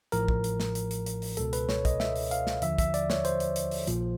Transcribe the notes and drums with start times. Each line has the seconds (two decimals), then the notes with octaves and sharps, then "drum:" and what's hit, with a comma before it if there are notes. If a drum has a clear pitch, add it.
0.12 A1 A2 F3 A#4, drum: hi-hat
0.28 drum: kick
0.44 drum: hi-hat
0.60 drum: snare
0.75 drum: hi-hat
0.91 drum: hi-hat
1.06 drum: hi-hat
1.22 drum: open hi-hat
1.37 C#2 B2 A4, drum: hi-hat
1.53 B4, drum: hi-hat
1.69 C#5, drum: snare
1.85 D#5, drum: kick, hi-hat
2.00 E5, drum: snare
2.16 drum: open hi-hat
2.31 F5, drum: hi-hat
2.47 drum: snare
2.62 D#2 D3 F3 E5, drum: hi-hat
2.78 E5, drum: kick, hi-hat
2.94 D5, drum: hi-hat
3.10 C#5, drum: snare
3.25 C5, drum: hi-hat
3.40 drum: hi-hat
3.56 drum: hi-hat
3.71 drum: open hi-hat
3.87 A#1 A#2 F3, drum: hi-hat